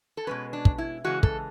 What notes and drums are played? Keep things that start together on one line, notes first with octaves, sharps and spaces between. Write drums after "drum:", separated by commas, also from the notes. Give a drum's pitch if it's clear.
A4
B2 G#3 C#4 B4
D4
drum: kick
E4
C#3 E3 G#3 F#4
A4, drum: kick